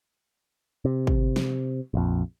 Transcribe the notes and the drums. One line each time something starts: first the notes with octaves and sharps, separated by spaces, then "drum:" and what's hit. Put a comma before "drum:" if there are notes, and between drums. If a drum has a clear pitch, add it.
C3
drum: kick
drum: snare
A#1 F2